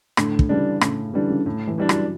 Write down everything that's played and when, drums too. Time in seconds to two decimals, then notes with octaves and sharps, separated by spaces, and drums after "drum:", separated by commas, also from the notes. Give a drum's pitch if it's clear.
0.17 A2 D3, drum: rim click
0.39 drum: kick
0.49 C#3 E3 G3 D4
0.81 A2 C#3, drum: rim click
1.13 D3 E3 G3 D4
1.30 C#3
1.46 A2
1.67 E3
1.78 E3 G3 D4
1.89 F#3, drum: rim click